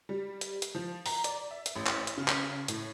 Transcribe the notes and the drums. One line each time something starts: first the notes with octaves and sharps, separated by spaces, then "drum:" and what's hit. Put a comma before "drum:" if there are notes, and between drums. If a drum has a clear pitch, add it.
G3
drum: hi-hat
drum: hi-hat
F3
A#5, drum: open hi-hat
D5, drum: hi-hat
E5
drum: hi-hat
A1
drum: clap
drum: hi-hat
C#3
drum: clap
A2, drum: hi-hat